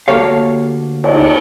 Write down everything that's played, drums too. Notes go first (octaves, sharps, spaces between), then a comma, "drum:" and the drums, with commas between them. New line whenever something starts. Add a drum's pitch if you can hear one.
D2 A#3 G4 A4 C#5 F5
drum: cymbal